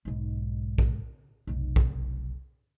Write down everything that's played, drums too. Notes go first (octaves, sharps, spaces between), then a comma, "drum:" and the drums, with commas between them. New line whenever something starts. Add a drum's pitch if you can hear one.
B1 G#2
drum: kick A#1
F1 B1
drum: kick A#1